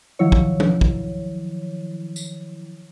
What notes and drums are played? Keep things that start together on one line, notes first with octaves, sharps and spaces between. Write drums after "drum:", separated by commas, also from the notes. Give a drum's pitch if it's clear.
D#3 F3 F#3 E4 C#5
drum: kick
drum: tom F3
drum: kick
drum: tambourine